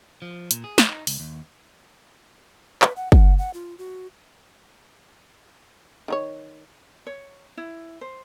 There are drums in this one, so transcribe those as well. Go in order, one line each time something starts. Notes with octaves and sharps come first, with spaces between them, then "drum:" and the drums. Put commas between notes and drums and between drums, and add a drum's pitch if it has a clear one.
F3
A#2, drum: hi-hat
G#4
drum: snare
D#4
C#2, drum: open hi-hat
D#2
B4, drum: clap
F#5
F#5, drum: kick
F#5
F4
F#4
D#3 D#4 C#5
C#5
E4
C5